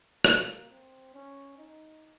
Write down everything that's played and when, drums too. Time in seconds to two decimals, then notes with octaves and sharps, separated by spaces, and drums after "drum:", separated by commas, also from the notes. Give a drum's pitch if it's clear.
0.25 A#3, drum: rim click
0.69 C4
1.14 C#4
1.58 D#4